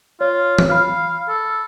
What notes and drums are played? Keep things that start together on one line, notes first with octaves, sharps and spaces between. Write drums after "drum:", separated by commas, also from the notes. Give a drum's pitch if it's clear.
F4 C#5
drum: tom E3
F5 B5 F6
A4